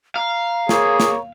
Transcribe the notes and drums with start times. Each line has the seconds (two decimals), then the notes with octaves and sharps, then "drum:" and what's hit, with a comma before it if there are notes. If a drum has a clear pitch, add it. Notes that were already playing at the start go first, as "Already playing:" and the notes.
0.16 F5 A#5
0.69 A#3 G#4 C#5, drum: snare
1.00 drum: snare